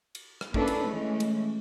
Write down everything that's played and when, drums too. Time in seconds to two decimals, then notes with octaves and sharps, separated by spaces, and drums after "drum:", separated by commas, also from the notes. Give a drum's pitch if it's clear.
0.15 drum: cymbal
0.41 drum: rim click
0.54 A#3 C#4 D4 E4 A4 B4, drum: kick
0.67 drum: cymbal
0.86 E3 G#3 A3 C#4
1.20 drum: cymbal